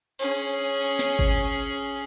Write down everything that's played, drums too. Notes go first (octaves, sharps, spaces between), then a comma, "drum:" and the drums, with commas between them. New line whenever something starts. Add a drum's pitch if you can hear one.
C#4 G#4
drum: hi-hat
drum: hi-hat
drum: snare
drum: kick G#1
drum: hi-hat